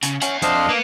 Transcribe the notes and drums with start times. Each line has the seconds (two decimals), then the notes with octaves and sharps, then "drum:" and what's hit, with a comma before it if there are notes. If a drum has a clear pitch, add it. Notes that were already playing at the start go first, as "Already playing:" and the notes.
0.03 C#3, drum: hi-hat
0.22 C#4 E5 F#5, drum: hi-hat
0.42 F2 D4 C5 D#5 F5, drum: hi-hat
0.69 A#3 B3